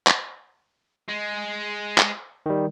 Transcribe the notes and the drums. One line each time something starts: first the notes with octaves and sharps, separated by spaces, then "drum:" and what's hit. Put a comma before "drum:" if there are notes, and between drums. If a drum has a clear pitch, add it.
drum: clap
G#3
drum: clap
D#3 G3